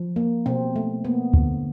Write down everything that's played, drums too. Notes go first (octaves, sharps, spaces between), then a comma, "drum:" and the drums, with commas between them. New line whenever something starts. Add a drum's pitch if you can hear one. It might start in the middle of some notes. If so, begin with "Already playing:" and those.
Already playing: F3
A#3
B2 C4
A3
A#3 B3
D3, drum: kick